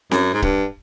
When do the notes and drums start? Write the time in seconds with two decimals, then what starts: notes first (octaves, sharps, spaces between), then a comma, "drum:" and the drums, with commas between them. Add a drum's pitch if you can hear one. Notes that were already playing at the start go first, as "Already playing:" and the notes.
0.11 F#2, drum: snare C4
0.33 G#2
0.42 G2, drum: kick C#1